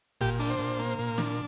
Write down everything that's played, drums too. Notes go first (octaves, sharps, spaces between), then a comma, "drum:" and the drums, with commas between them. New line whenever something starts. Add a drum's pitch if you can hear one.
A#2 G4, drum: kick
D4, drum: open hi-hat
C5
A#2
A#3
A#2
D4, drum: snare